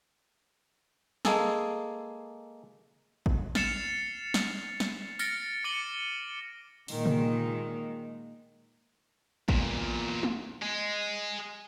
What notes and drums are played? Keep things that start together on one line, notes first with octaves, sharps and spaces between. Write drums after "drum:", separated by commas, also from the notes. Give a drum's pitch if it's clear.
G#3 A#3 G#4 A4, drum: snare
drum: kick A1
F6 A6 C7 C#7 E7 F7, drum: snare
drum: snare
drum: snare
F6 A6 A#6 C#7 D7, drum: tambourine
D6 A6 C#7 D#7 F#7 G7
A#2 D#3 G#3, drum: open hi-hat
drum: tom C3
E2 A#2, drum: kick A1
drum: tom
G#3